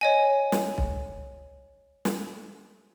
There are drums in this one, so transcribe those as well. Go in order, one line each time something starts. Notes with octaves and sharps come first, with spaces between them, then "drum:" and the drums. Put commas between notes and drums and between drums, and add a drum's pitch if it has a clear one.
C#5 D#5 G#5
drum: snare
drum: kick B1
drum: snare